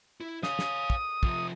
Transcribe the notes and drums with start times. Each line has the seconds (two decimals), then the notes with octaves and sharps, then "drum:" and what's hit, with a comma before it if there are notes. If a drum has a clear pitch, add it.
0.20 E4
0.43 C#5 F5 D#6, drum: snare
0.59 drum: snare
0.90 drum: kick
1.23 C3 F3, drum: kick